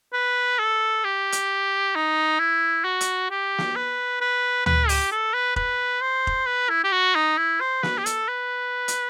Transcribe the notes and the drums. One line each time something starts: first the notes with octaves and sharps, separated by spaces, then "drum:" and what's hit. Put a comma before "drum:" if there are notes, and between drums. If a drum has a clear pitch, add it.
B4
A4
G4
drum: hi-hat
D#4
E4
F#4
drum: hi-hat
G4
drum: snare
B4
B4
B4, drum: tom D2
G4, drum: open hi-hat
A4
B4
B4, drum: kick F1
C5
drum: kick F1
B4
E4
G4
F#4
D#4
E4
C5
B4, drum: snare
G4
A4, drum: hi-hat
B4
drum: hi-hat